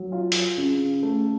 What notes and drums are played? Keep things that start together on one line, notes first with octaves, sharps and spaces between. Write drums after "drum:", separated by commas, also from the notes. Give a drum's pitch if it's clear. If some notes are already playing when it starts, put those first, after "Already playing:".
Already playing: F#3
F4
drum: open hi-hat
C#3
A3